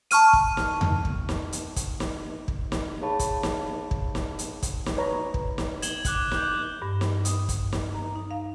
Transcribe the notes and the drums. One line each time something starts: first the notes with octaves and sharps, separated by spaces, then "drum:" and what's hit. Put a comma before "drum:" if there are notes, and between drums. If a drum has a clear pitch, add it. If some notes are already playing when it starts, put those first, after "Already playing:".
A5 C#6 F6 D#7, drum: hi-hat
drum: kick
drum: snare
drum: tom E2
drum: kick
drum: snare
drum: hi-hat
drum: kick, hi-hat
drum: snare
drum: kick
drum: snare
G#4 C#5 F5 A5 B5 C#6
drum: kick, hi-hat
drum: snare
drum: kick
drum: snare
drum: hi-hat
drum: kick, hi-hat
drum: snare
B4 C#5 A#5
drum: kick
drum: snare
G#6 E7 F#7 G7, drum: hi-hat
D6 F#6 F#7, drum: kick, hi-hat
F#6 G6, drum: snare
G2
drum: snare
D#6, drum: hi-hat
drum: kick, hi-hat
drum: snare
A#5
D#4
F5